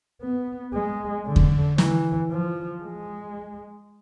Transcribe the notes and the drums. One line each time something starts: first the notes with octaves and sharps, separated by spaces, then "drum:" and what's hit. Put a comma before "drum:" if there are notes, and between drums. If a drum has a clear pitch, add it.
B3
G#3
D3
drum: kick E2
E3, drum: snare
F3
G#3